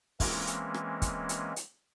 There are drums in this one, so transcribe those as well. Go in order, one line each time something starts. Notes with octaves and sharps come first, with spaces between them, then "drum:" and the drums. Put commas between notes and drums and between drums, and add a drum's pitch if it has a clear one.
E3 G#3 A#3 C4 C#4, drum: kick, open hi-hat
drum: hi-hat
drum: rim click
drum: kick, hi-hat
drum: hi-hat
drum: hi-hat